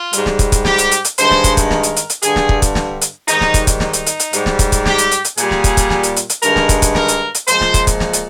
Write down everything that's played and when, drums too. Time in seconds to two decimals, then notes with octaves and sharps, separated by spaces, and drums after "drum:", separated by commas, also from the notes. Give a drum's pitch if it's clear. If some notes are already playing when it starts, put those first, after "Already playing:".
Already playing: F4
0.13 G#2 G3, drum: hi-hat
0.26 drum: snare
0.39 drum: kick, hi-hat
0.52 drum: kick, hi-hat
0.65 G4, drum: snare
0.78 drum: hi-hat
0.92 drum: hi-hat
1.05 drum: hi-hat
1.18 G2 D#3 G#3 C5, drum: hi-hat
1.31 drum: snare
1.44 drum: kick, hi-hat
1.57 drum: kick, hi-hat
1.71 A#4, drum: snare
1.83 drum: hi-hat
1.97 drum: hi-hat
2.10 drum: hi-hat
2.23 G2 D3 G3 G#4, drum: hi-hat
2.36 drum: snare
2.49 drum: kick
2.62 drum: kick, hi-hat
2.75 drum: snare
3.02 drum: hi-hat
3.28 G#2 D#3 G3 D#4, drum: hi-hat
3.41 drum: snare
3.54 drum: kick, hi-hat
3.67 drum: kick, hi-hat
3.80 D#4, drum: snare
3.93 drum: hi-hat
4.07 drum: hi-hat
4.20 drum: hi-hat
4.33 G#2 G3, drum: hi-hat
4.46 drum: snare
4.59 drum: kick, hi-hat
4.72 drum: kick, hi-hat
4.86 G4, drum: snare
4.98 drum: hi-hat
5.12 drum: hi-hat
5.25 drum: hi-hat
5.38 A#2 G3 G#4, drum: hi-hat
5.51 drum: snare
5.64 drum: kick, hi-hat
5.77 drum: kick, hi-hat
5.90 drum: snare
6.03 drum: hi-hat
6.17 drum: hi-hat
6.30 drum: hi-hat
6.42 G2 D#3 G#3 A#4, drum: hi-hat
6.56 drum: snare
6.69 drum: kick, hi-hat
6.82 drum: kick, hi-hat
6.95 A#4, drum: snare
7.08 drum: hi-hat
7.35 drum: hi-hat
7.48 A#2 F3 G#3 C5, drum: hi-hat
7.61 drum: snare
7.74 drum: kick, hi-hat
7.87 drum: kick, hi-hat
8.00 drum: snare
8.13 drum: hi-hat